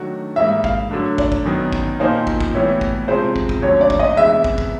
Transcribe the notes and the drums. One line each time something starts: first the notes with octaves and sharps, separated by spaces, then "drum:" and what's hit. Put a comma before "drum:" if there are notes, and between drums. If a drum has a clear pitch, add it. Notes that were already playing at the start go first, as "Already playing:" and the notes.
Already playing: D#3 F#3 A3 D4 F#4
G#2 E3 G3 A#3 E5
F5, drum: kick
D3 F#3 A3 D4
D5, drum: kick
drum: kick
F#2 D#3 F#3 B3
drum: kick
A#2 F3 A#3 D#4 G4 C5
drum: kick
drum: kick
A2 E3 G3 B3 E4 C#5
drum: kick
C3 F3 G#3 C5
drum: kick
drum: kick
D#2 D3 F#3 A3 C#4 C#5
D5
drum: kick
D#5
C#2 C3 E3 G#3 B3 E5
drum: kick
drum: kick